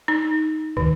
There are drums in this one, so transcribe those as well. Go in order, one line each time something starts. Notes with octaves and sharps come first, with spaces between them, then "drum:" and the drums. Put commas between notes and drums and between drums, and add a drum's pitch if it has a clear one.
D#4
D#3, drum: kick